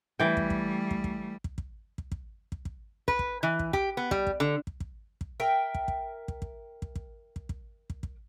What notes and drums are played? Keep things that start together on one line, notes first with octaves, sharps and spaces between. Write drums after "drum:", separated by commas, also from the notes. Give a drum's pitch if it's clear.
E3 G3 A3 G5
drum: kick
drum: kick
drum: kick
drum: kick
drum: kick
drum: kick
drum: kick
drum: kick
drum: kick
drum: kick
B4, drum: kick
drum: kick
E3
drum: kick
G4, drum: kick
B3
G3, drum: kick
drum: kick
D3
drum: kick
drum: kick
drum: kick
A#4 E5 G5
drum: kick
drum: kick
drum: kick
drum: kick
drum: kick
drum: kick
drum: kick
drum: kick
drum: kick
drum: kick